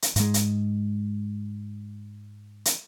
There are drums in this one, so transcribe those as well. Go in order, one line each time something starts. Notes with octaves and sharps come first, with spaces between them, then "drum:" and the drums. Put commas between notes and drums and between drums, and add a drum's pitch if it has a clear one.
drum: hi-hat
G#2 G#3, drum: hi-hat
drum: hi-hat
drum: hi-hat